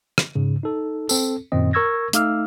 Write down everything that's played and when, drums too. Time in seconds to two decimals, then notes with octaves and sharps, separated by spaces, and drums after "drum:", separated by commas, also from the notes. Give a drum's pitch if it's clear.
0.18 drum: rim click
0.35 G#2 C#3
0.63 D#4 A4
1.09 C4 A4, drum: tambourine
1.52 F#2 A#2 D#3 C4 D#5
1.73 A#4 C#6 E6 G#6 A#6
2.13 A3 D#4 F5 D6 E6 F6, drum: hi-hat